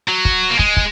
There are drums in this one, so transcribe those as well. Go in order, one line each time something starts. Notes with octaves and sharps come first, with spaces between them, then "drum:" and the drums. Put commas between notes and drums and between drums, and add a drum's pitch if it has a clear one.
F#3
drum: kick
A#3
G#3, drum: kick
drum: kick